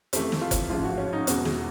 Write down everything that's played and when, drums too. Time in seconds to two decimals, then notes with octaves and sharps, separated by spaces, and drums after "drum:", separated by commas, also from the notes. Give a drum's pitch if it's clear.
0.13 F2 C3 E3 A3 G4, drum: hi-hat
0.32 drum: snare
0.41 F4
0.51 drum: kick, hi-hat
0.70 A1 G#2 F3 G#3 F4
0.84 F#4
0.98 C#4
1.13 D#4
1.27 E1 E2 B2 G#3 F#4, drum: hi-hat
1.45 G#4, drum: snare